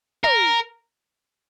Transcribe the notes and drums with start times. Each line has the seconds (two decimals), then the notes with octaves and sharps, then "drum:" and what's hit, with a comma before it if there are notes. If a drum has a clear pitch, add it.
0.24 A#4, drum: tom